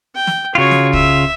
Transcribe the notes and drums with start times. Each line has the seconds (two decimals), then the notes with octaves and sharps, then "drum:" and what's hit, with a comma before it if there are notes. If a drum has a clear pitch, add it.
0.16 G5
0.27 drum: snare
0.55 C#3 F4 F#4 C#5
0.71 drum: snare
0.93 E5, drum: kick